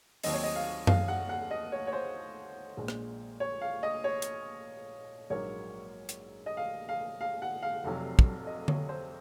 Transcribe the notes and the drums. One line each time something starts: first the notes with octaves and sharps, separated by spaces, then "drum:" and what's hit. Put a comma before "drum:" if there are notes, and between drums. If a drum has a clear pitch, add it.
D#2 D#3 F#3 C4 D#5, drum: open hi-hat
C#5
D#5
F5
F5, drum: tom F#2
F#5
F#5
D#5
C#5
C#5
C5
A#1 A#2 G#3
drum: rim click
C#5
F5
D#5
C#5
drum: hi-hat
A#1 G#2 F#3 A#3 C#5
drum: hi-hat
D#5
F5
F5
F5
F#5
F5
F1 F2 C3 F#3
drum: kick
D#5
C#5, drum: tom D3
C5